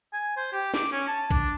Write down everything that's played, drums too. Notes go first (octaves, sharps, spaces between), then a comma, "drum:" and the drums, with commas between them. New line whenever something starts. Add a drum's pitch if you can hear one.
G#5
C5
G4
D6, drum: snare
C#4
A5
D4, drum: kick A#1, hi-hat